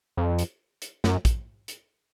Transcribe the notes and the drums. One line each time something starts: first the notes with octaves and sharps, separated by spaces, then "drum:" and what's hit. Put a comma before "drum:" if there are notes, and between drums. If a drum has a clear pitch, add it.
F2
drum: hi-hat
drum: hi-hat
F#2, drum: snare
drum: kick, hi-hat
drum: hi-hat